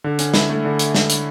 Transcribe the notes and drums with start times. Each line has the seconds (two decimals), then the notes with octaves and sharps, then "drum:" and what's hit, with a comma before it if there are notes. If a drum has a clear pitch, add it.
0.04 D3
0.19 C#4, drum: hi-hat
0.34 E4, drum: snare
0.50 A3
0.65 D3
0.79 drum: hi-hat
0.95 drum: snare
1.10 drum: hi-hat